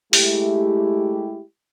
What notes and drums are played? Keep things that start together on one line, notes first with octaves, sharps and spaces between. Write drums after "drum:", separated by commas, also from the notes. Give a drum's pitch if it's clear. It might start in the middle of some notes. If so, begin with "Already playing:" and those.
G#3 A3 E4 G4, drum: open hi-hat